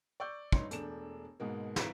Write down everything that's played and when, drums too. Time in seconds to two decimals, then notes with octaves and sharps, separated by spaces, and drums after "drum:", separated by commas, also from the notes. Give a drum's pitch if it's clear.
0.20 D5 C#6 E6 G6
0.52 G2 D#4 C#5 C6, drum: kick
0.71 E1 A3 D4 E7, drum: hi-hat
1.40 G#2 B2 G#3 A#3
1.76 G#1 E4 B4 A#5 B6, drum: snare